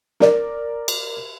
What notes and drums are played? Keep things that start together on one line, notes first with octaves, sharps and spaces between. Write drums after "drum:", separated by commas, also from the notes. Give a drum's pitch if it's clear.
A#4 D5, drum: snare
drum: cymbal